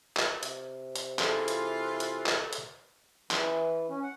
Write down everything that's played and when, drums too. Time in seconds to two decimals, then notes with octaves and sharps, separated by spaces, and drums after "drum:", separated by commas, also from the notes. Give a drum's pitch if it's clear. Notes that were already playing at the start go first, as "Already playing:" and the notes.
0.17 drum: clap
0.43 C3, drum: hi-hat
0.96 drum: hi-hat
1.19 E3 F4 G#4 A4 F5, drum: clap
1.48 drum: hi-hat
2.00 drum: hi-hat
2.26 drum: clap
2.53 drum: hi-hat
3.31 E3, drum: clap
3.89 C#4
4.03 F#5